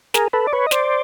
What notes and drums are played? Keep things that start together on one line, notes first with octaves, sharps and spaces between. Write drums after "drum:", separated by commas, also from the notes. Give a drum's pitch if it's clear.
G#4 A#4, drum: snare
A4 B4
D5
B4 C#5
D#5
C5 D5, drum: snare